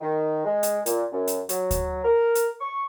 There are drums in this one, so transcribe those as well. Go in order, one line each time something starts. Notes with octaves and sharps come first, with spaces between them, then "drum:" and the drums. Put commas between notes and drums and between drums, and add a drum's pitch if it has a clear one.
D#3
G#3
drum: hi-hat
A#2, drum: hi-hat
F#2
drum: hi-hat
F#3, drum: hi-hat
drum: kick D2, hi-hat
A#4
drum: hi-hat
C#6